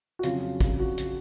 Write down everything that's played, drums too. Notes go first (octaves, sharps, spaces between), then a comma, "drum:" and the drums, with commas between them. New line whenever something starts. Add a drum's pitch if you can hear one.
F#4
F2 C#3 F#3 F4, drum: hi-hat
drum: kick, hi-hat
F#4
drum: hi-hat